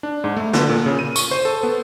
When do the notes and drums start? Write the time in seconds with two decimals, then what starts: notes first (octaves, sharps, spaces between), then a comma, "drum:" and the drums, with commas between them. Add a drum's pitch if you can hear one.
0.03 D4
0.24 G#2
0.37 A3
0.53 D3, drum: snare
0.69 A#2
0.86 C#3
0.99 D#7
1.16 C#6, drum: tambourine
1.31 C5
1.45 A4
1.63 B3